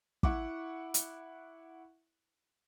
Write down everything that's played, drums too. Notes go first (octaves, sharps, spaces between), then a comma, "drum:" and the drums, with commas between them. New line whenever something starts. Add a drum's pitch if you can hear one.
E4 F#5 C#6 D6, drum: kick
drum: hi-hat